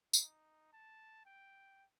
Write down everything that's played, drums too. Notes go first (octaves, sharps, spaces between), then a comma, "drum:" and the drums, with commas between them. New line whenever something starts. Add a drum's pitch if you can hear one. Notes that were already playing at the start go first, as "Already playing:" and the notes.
D#4, drum: tambourine
A5
G5